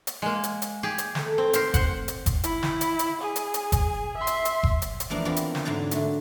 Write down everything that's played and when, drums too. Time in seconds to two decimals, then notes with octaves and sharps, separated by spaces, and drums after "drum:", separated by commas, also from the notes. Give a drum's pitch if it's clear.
0.07 drum: hi-hat
0.22 G#3 A#3
0.44 drum: hi-hat
0.62 drum: hi-hat
0.83 G4 G#4
0.98 drum: hi-hat
1.15 D#2 A3, drum: snare
1.38 C4
1.53 G4 A#4 C5, drum: hi-hat
1.74 C5 F#5, drum: kick F#1, hi-hat
2.08 drum: hi-hat
2.26 drum: kick F#1, hi-hat
2.44 E4, drum: hi-hat
2.63 drum: snare
2.81 drum: hi-hat
2.99 drum: hi-hat
3.21 G#4
3.36 drum: hi-hat
3.54 drum: hi-hat
3.72 drum: kick F#1, hi-hat
4.17 E5 C6
4.27 drum: hi-hat
4.45 drum: hi-hat
4.63 drum: kick F#1
4.82 drum: hi-hat
5.00 drum: hi-hat
5.10 E3 F3 A#3 D4
5.25 E2 C4 F4 A#4 B5
5.36 drum: hi-hat
5.55 drum: snare
5.65 G#2 D3 F#3 A#3 A5
5.91 D3 A3, drum: hi-hat